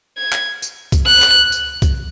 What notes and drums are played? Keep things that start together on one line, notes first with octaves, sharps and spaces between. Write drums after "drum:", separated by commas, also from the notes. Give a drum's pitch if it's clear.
G#6
drum: clap
drum: tambourine
drum: kick, tambourine
F#6
drum: clap
drum: tambourine
drum: kick, tambourine